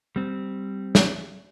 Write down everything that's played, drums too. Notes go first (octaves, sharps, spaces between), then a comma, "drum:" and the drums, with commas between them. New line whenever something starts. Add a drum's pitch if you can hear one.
G3 C4
drum: snare